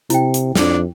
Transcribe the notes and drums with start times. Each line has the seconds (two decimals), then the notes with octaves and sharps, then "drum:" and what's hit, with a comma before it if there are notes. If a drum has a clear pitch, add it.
0.10 C3 E4 G5, drum: hi-hat
0.34 drum: hi-hat
0.55 F2 D4, drum: snare